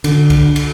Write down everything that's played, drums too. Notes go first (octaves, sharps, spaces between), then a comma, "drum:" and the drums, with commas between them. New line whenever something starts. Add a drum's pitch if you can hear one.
D3, drum: cymbal
drum: kick C2, cymbal
drum: cymbal